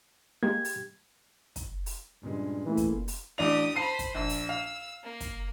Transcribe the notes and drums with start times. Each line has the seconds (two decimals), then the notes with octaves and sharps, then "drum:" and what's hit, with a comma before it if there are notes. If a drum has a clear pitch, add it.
0.43 G#3 A#3 G4 G#6
0.65 drum: open hi-hat
1.56 drum: kick, hi-hat
1.86 drum: open hi-hat
2.23 G2 A#2 C#3 G#3
2.66 E3 A3 A#3
2.77 drum: kick, hi-hat
3.08 drum: open hi-hat
3.38 A1 D4 G4 D#6 F7
3.76 C5 A5 B5 C7 D#7
3.99 drum: kick, hi-hat
4.15 A#1 E6
4.29 drum: open hi-hat
4.49 F5
5.03 A#3
5.20 drum: kick, hi-hat